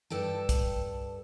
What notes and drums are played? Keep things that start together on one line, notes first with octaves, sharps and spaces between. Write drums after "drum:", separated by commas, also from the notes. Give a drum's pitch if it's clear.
G2 A4 G5 A5
drum: kick, hi-hat